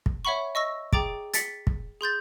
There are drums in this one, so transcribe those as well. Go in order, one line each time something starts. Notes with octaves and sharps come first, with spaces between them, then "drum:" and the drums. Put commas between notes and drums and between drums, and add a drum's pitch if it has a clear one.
drum: kick
C#5 E5 F#5 B5 C#6
D#5 C#6 E6 A#6
G#4 G5 A#5 D6 A6 D7, drum: kick
A6 B6 C#7, drum: hi-hat
drum: kick
G#4 C6 G6 A6